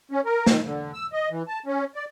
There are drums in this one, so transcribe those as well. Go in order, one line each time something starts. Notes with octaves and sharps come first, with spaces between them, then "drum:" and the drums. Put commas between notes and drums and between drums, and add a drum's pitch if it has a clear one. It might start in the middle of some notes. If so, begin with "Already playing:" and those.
C#4
A#4
D#3, drum: snare
D3
E6
D#5
E3
A5
C#4
D5